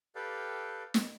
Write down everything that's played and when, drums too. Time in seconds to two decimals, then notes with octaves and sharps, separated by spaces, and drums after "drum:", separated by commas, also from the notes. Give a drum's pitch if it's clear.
0.15 G4 A4 B4 D5 F5 G5
0.94 drum: snare